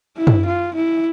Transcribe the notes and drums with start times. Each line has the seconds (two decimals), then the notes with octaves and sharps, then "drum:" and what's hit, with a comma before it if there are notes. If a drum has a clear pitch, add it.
0.17 E4
0.27 drum: tom
0.46 F4
0.75 E4